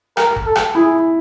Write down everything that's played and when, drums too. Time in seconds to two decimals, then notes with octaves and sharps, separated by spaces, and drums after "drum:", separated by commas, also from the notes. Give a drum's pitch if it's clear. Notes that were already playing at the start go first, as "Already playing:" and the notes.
0.17 A#4, drum: rim click
0.36 drum: kick
0.46 A4
0.55 drum: rim click
0.75 E4 G#4